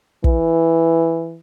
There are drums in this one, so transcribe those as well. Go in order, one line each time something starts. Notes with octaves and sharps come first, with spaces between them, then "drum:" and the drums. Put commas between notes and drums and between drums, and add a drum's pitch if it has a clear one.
E3, drum: kick